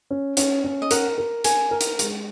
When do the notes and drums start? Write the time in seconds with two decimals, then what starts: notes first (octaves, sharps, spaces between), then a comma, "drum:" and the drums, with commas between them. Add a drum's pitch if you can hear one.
0.11 C#4
0.37 C#4, drum: hi-hat
0.64 C#4
0.82 D#5
0.91 A#4 F#5, drum: hi-hat
1.18 A#4
1.44 A#4 G#5, drum: hi-hat
1.71 A#4
1.81 drum: hi-hat
1.99 G#3, drum: hi-hat